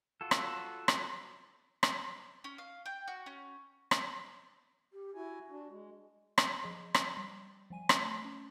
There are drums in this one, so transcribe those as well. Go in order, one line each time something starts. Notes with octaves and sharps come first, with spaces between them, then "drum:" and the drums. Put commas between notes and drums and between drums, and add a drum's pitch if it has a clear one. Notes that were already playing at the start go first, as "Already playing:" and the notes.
F4 F#4 A4
drum: rim click
drum: rim click
drum: rim click
C#4
F5
G5
F#4
C#4
drum: rim click
G4
E4 F#4 G#5
D4
G#3
drum: rim click
F3 G#4 D#5
drum: rim click
G3
F3 G3 G#5 D#7
drum: rim click
A3 A5
C#4